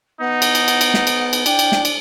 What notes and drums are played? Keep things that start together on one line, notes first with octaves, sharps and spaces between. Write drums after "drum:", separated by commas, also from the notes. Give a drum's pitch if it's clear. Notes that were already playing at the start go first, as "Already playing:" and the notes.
B3 D#4 F#5
drum: cymbal
drum: cymbal
drum: cymbal
drum: cymbal
drum: snare
drum: cymbal
drum: cymbal
D4 G5, drum: cymbal
drum: cymbal
drum: snare
drum: cymbal